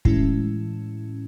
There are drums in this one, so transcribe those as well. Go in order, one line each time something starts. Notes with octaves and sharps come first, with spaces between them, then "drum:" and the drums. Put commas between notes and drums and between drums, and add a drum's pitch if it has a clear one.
A2 E3 G#3 C#4 E4, drum: kick